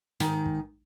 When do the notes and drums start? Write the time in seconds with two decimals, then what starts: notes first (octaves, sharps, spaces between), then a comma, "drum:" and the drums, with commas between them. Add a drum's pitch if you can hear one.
0.20 G#2 D#3, drum: snare
0.46 drum: kick